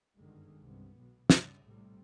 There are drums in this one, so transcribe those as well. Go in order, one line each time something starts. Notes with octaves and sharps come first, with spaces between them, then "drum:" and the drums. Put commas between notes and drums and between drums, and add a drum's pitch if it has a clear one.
G1 F#2 D3 D#3 G#3
C2 G2 B3
B1 B2
C2 G2 C#3, drum: snare
A#1 A2 C3 G3